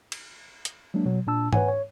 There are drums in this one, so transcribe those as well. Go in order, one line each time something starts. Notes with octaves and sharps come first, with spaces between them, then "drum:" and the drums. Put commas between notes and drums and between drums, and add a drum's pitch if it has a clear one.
drum: cymbal
drum: hi-hat
F#3 G#3 A#3 D4
B2 F#3
A#2 D4 A5 E6
B4 C#5 F#5 G#5, drum: tom G#2
C#5